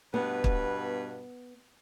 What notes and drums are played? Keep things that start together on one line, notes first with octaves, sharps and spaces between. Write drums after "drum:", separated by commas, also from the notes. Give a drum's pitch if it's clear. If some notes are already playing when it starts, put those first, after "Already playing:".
G2 B2 B3 B4
drum: kick